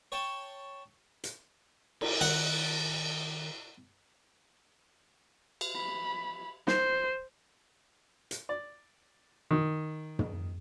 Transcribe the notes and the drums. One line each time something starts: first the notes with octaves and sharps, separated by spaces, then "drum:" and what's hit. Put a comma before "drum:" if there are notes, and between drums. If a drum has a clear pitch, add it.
C#5 G5 A5
drum: hi-hat
drum: cymbal
D#3 F#5
drum: cymbal
B5
C5, drum: snare
drum: hi-hat
D5
D#3
drum: tom